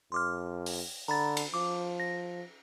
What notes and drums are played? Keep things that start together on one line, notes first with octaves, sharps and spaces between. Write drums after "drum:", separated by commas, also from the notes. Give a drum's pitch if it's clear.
F2 C6 D6 F6
drum: open hi-hat
D3 A#5 B5 A6
drum: cymbal
F3 D6
A#6